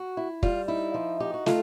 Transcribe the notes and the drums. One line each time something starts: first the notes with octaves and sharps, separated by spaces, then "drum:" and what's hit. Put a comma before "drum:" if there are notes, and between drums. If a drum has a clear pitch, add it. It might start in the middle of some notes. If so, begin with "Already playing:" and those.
Already playing: F#4
E4
G3 F4, drum: kick
D#4 E4
F3
D#4 G4
F#4
A3 F4, drum: snare